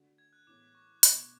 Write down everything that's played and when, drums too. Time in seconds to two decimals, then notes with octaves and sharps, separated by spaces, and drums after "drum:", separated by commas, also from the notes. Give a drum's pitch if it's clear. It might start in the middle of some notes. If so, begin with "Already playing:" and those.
Already playing: D3 A3 D4 F#4
0.18 G#6
0.33 F#6
0.47 A2 E3 G#3 B3 D6
0.75 C#6
1.03 B2 A3 D4 F#4 D6, drum: hi-hat